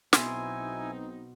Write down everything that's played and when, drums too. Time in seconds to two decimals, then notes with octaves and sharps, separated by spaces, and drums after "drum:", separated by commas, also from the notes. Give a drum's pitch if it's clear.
0.13 B1 B2 C4 D#4 E4 G#5 C6, drum: snare